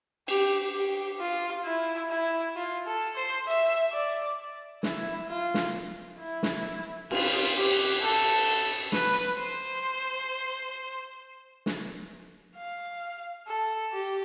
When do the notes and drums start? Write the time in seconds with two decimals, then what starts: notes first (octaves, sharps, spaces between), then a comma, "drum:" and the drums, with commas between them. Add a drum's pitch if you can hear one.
0.28 G4, drum: cymbal
0.74 G4
1.20 F4
1.65 E4
2.10 E4
2.56 F4
2.86 A4
3.16 C5
3.47 E5
3.93 D5
4.83 E4, drum: snare
5.29 F4
5.54 drum: snare
6.19 E4
6.43 drum: snare
7.11 F4, drum: cymbal
7.56 G4
8.01 A4
8.92 B4, drum: snare
9.14 drum: hi-hat
9.38 C5
11.66 drum: snare
12.57 F5
13.48 A4
13.93 G4